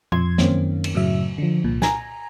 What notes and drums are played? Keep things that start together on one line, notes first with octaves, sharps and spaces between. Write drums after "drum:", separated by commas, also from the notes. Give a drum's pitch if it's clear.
F2 F3 C6 G#6, drum: tom
F#2 D#3 A#3 C4 C#4, drum: snare
drum: cymbal
F#2 A2 C#3 F#3 E5
D3 F3
C2 A#2
G#5 A#5, drum: snare